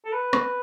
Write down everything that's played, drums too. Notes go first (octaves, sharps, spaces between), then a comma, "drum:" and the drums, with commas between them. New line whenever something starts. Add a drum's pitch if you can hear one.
A4
B4
drum: rim click